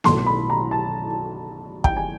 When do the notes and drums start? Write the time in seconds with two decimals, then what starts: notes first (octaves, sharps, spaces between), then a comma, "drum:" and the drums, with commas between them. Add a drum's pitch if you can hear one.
0.04 B1 A2 F#3 A3 C6, drum: snare A#3
0.26 B5
0.50 A#5
0.71 A5
1.84 G5, drum: kick
1.97 G#5